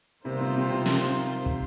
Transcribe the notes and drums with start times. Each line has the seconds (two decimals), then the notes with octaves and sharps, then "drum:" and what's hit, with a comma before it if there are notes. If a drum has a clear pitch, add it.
0.25 C3 D#3 G3 A#3 F4 C5
0.41 C3
0.56 C3
0.71 C3
0.86 drum: snare
1.46 drum: kick